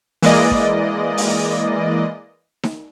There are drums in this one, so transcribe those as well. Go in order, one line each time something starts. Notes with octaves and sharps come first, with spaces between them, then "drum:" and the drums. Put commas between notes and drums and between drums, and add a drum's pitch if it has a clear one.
E3 G#3 A#3 D5 D#5, drum: open hi-hat
drum: kick
drum: open hi-hat
drum: snare D#4